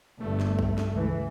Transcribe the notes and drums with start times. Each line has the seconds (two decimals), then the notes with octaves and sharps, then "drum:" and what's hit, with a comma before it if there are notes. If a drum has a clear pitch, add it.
0.20 G1 G2 A3
0.40 drum: snare
0.59 drum: kick A#1
0.78 drum: snare
0.91 C#2 E3